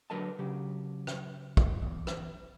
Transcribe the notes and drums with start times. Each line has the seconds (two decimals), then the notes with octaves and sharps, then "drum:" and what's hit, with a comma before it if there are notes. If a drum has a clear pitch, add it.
0.10 D3 F#3 A#4 B4 D#5 A5
0.39 C#3 F#3 G4
1.07 drum: rim click
1.57 drum: kick
1.82 E2
2.07 drum: rim click